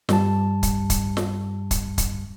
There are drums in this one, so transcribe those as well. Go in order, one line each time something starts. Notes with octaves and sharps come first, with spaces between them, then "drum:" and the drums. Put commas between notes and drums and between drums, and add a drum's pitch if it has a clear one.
G2 G3 A5, drum: snare
drum: kick, hi-hat
drum: kick, hi-hat
drum: snare
drum: kick, hi-hat
drum: kick, hi-hat